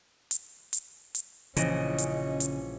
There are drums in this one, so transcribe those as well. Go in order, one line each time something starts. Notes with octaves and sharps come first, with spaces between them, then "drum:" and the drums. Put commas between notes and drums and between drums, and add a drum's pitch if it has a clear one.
drum: hi-hat
drum: hi-hat
drum: hi-hat
A#1 C#3 E3 C#4 D#5 A#6, drum: hi-hat
drum: hi-hat
drum: hi-hat